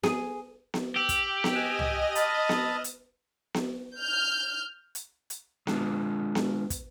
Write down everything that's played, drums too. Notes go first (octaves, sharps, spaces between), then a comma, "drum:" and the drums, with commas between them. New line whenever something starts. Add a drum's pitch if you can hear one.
G#4, drum: snare B3
drum: snare B3
G4 E6 F#7
drum: kick, hi-hat
drum: snare B3
D#5 G#5 F#6 E7 F7
drum: tom
A5 B5 D#6 F6, drum: hi-hat
drum: snare B3
drum: hi-hat
drum: snare B3
F6 G6
drum: hi-hat
drum: hi-hat
G#3 D4 F4, drum: snare B3
drum: snare B3
drum: kick, hi-hat